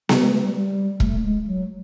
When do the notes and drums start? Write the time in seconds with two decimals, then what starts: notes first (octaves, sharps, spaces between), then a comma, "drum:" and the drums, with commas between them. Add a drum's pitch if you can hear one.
0.09 G3, drum: snare B3
0.21 G#3
0.32 A3
0.43 G3
0.54 G3
1.00 A3, drum: kick E1
1.24 G#3
1.47 F#3